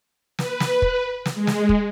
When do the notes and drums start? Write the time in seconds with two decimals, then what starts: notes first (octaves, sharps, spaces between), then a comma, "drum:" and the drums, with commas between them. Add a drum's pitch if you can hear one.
0.39 B4, drum: snare
0.60 drum: snare
0.82 drum: kick
1.26 drum: snare
1.35 G#3
1.47 drum: snare
1.69 drum: kick